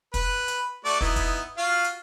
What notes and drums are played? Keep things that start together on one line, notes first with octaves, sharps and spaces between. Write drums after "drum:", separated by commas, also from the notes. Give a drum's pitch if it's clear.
B4, drum: kick, hi-hat
drum: hi-hat
A3 F#4 D5
B3 D#4 E4, drum: kick
drum: kick, hi-hat
F4 F#4 F5
drum: hi-hat